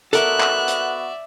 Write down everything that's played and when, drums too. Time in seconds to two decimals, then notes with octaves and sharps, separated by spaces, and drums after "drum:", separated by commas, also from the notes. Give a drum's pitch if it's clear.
0.13 B3 F#4 A4 A#4 D5 E5 F#6, drum: hi-hat
0.40 drum: clap
0.68 drum: hi-hat